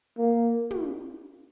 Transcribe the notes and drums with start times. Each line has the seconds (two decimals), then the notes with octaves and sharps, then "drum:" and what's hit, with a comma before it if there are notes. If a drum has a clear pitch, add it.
0.18 A#3
0.71 drum: tom